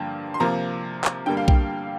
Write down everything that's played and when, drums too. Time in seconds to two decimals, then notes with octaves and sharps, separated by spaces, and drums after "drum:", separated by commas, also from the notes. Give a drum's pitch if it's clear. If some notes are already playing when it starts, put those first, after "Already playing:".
Already playing: G2 D3 F3 A#3 G5
0.34 C6
0.40 C3 F3 A#3 A#5
1.05 drum: clap
1.26 G2 D3 G3 A#3 G5
1.37 F5
1.48 G5, drum: kick B1